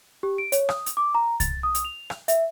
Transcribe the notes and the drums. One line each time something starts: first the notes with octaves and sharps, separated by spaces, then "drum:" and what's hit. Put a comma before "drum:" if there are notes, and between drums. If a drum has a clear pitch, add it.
G4
D7
C#5, drum: hi-hat
D#6, drum: rim click
drum: hi-hat
D6
A#5
A6, drum: kick C2, hi-hat
D#6
drum: hi-hat
F7
drum: rim click
E5, drum: hi-hat